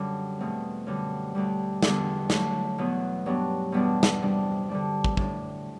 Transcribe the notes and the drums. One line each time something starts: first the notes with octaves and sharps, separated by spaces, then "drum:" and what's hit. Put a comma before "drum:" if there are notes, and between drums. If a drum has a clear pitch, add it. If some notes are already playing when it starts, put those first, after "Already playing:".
Already playing: F#2 D3 G3 D4
E2 B2 A3 C4
F#2 D3 G3
D2 D3 G3
E2 D3 G3 D4, drum: snare
D3 F#3 A3 E4, drum: snare
E2 B2 F#3 B3
G2 F#3 B3 D4
E2 B2 G3 B3 D4
drum: snare
C3 G3 D4
D3 G3 D4
drum: kick
A2 G3 D4, drum: kick